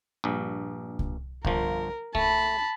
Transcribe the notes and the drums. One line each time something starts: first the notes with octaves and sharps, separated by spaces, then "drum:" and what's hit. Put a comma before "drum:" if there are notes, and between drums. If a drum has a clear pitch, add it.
A#1 G2
drum: kick C2
G1 F3 A#4, drum: kick C2
A3 A5 B5, drum: kick C2